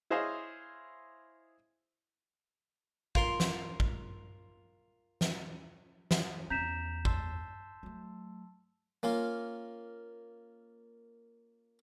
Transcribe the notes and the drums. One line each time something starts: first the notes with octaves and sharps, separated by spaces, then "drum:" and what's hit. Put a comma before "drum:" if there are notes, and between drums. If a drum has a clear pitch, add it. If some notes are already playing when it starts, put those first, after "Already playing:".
E4 G#4 C5 C#5 D#5 F5
F4 A#4 C6, drum: kick A1
drum: snare
drum: kick A1
drum: snare
drum: snare
E2 C#4 A#5 G6 B6 E7
A5 C6 E6, drum: kick A1
F#3 A3
A#3 C#4 F4 F5